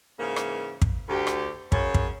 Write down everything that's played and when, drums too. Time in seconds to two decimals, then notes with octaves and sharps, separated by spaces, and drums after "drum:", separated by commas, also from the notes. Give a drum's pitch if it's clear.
0.20 G#2 C#3 E3 A#3
0.36 drum: rim click
0.82 drum: kick
1.09 D2 G4
1.27 drum: rim click
1.72 F#2 C#3 C#5, drum: kick
1.94 drum: kick